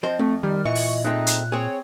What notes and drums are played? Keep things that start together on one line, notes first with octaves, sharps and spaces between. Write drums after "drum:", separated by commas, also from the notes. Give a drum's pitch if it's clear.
F3 C4 C5 D#5
F2 A3 C4
D#3 G3 F6
A#2 E3 D#5 C#6
drum: open hi-hat
G#3 A3 C4 D#4 F#6
drum: hi-hat
C4 G#4 C#5